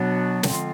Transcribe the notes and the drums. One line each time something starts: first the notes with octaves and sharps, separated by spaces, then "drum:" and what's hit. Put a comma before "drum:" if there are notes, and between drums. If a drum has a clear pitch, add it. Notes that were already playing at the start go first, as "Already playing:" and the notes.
Already playing: B2 F#3 B3 D4
D3 F3 G#3 C4 F4, drum: snare